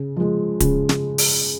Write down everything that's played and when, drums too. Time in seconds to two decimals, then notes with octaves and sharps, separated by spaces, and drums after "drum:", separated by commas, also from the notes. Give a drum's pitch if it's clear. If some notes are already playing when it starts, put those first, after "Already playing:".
Already playing: C#3
0.16 F3 G#3
0.60 C#3, drum: kick D1, hi-hat
0.89 drum: snare
1.18 drum: open hi-hat